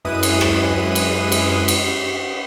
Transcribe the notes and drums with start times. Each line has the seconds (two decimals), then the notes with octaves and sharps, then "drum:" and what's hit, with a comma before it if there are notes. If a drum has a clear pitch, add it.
0.05 F#2 G#3 E4 B4 D#6 D#7
0.23 drum: cymbal
0.41 drum: rim click
0.95 drum: cymbal
1.32 drum: cymbal
1.68 drum: cymbal